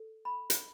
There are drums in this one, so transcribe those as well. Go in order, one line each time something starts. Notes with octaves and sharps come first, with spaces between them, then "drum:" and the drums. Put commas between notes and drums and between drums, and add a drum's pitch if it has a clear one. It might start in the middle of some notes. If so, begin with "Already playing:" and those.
Already playing: A4
B5
drum: hi-hat